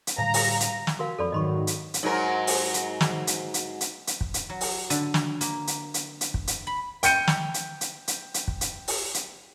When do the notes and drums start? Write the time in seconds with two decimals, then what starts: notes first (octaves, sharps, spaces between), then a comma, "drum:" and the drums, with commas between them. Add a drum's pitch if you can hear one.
0.07 drum: hi-hat
0.18 A2 D3 G3 F5 A#5
0.34 drum: open hi-hat
0.60 drum: hi-hat
0.87 drum: snare
0.99 F#4 A#4 F5
1.18 F2 A4 D5 B5
1.32 G#2 D#3 F#3 D#5 B5 C#6
1.67 drum: hi-hat
1.94 drum: hi-hat
2.03 G#2 F#3 A#4
2.47 drum: open hi-hat
2.74 drum: hi-hat
3.01 drum: snare
3.27 drum: hi-hat
3.54 drum: hi-hat
3.81 drum: hi-hat
4.07 drum: hi-hat
4.21 drum: kick
4.34 drum: hi-hat
4.50 F#3
4.61 drum: open hi-hat
4.90 D3, drum: hi-hat
5.14 drum: snare
5.41 A#3, drum: hi-hat
5.67 drum: hi-hat
5.94 drum: hi-hat
6.21 drum: hi-hat
6.34 drum: kick
6.47 drum: hi-hat
6.67 B5
7.03 G5 G6 C#7 D#7, drum: hi-hat
7.28 drum: snare
7.54 drum: hi-hat
7.81 drum: hi-hat
8.08 drum: hi-hat
8.34 drum: hi-hat
8.48 drum: kick
8.61 drum: hi-hat
8.88 drum: open hi-hat
9.14 drum: hi-hat